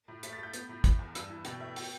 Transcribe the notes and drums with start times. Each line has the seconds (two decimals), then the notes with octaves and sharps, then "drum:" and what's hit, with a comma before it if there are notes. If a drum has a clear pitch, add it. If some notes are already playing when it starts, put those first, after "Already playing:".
0.08 A2
0.23 A3 B6, drum: hi-hat
0.33 A6
0.38 A3 G6
0.53 B3, drum: hi-hat
0.69 A2
0.84 E3, drum: kick, hi-hat
0.99 E2
1.15 G2 E6, drum: hi-hat
1.29 E3
1.45 B2 G5, drum: hi-hat
1.60 A3 E5
1.76 G5, drum: open hi-hat